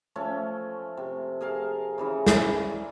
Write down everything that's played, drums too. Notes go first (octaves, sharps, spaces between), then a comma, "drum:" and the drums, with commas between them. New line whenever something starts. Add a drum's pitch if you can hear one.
F3 A3 C#4
C3
G#4 A#4 F5 A5
C#3 E3 D#4
drum: snare
D5